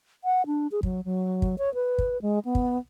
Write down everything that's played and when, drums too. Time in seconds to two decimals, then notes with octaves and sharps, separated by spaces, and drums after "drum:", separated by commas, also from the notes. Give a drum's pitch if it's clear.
0.24 F#5
0.46 D4
0.72 G#4
0.83 F#3, drum: kick
1.05 F#3
1.42 drum: kick
1.58 C#5
1.74 B4
1.98 drum: kick
2.22 G#3
2.45 B3
2.55 drum: kick